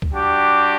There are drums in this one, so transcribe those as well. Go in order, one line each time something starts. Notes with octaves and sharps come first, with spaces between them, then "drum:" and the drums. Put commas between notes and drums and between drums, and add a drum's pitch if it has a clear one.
drum: kick C#2
G3 D4 F#4 G4